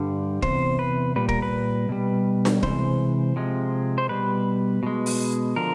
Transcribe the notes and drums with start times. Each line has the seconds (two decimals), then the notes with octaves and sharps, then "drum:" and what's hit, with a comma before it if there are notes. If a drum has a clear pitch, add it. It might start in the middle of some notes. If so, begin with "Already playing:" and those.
Already playing: G2 D3 G3
0.42 E2 C3 C5, drum: kick
0.79 B4
1.16 A#2 G3 B4
1.29 A#4, drum: kick
1.42 B4
1.89 B2 G3
2.45 drum: snare D4
2.63 C3 E3 G#3 C5, drum: kick
3.36 C3 F3 G#3
3.98 C5
4.09 B2 G3 B4
4.83 B2 G#3
5.06 drum: open hi-hat
5.56 D3 F3 A#4